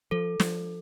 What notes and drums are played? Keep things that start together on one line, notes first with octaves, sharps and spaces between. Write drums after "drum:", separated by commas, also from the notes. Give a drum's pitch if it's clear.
F3 A4
F3, drum: snare